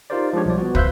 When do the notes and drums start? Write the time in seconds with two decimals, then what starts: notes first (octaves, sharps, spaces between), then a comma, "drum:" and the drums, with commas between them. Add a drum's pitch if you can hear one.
0.10 D#4 F4 G4 A#4 C5 D5
0.33 F3 G#3 D4 G4 C#5
0.46 B1 F3 G3 D5
0.58 B3 F#4
0.75 B4 C5 E5 F5 F#6 G6, drum: kick